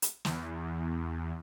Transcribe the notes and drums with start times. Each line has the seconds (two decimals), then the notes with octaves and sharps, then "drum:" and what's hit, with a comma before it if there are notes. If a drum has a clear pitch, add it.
0.02 drum: hi-hat
0.25 E2, drum: snare